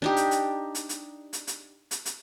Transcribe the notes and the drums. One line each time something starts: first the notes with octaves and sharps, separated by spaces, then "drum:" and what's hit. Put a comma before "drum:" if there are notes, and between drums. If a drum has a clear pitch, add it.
D4 D#4 G4
drum: hi-hat
drum: hi-hat
drum: hi-hat
drum: hi-hat
drum: hi-hat
drum: hi-hat
drum: hi-hat
drum: hi-hat